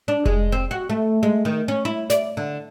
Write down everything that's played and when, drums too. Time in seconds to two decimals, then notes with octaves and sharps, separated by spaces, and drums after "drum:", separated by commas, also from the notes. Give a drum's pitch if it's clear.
0.08 D4
0.26 G#3, drum: kick F1
0.52 C4
0.71 F#4
0.89 A3
1.23 G#3
1.45 D#3
1.68 C#4
1.85 E4
2.10 D5, drum: snare
2.37 D3